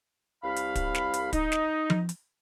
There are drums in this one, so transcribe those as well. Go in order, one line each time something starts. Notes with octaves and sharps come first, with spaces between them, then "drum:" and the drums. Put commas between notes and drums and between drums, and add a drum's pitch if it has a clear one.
C2 F5 B5
drum: hi-hat
drum: kick, hi-hat
drum: snare
drum: hi-hat
D#4, drum: kick, hi-hat
drum: snare
drum: tom F3
drum: hi-hat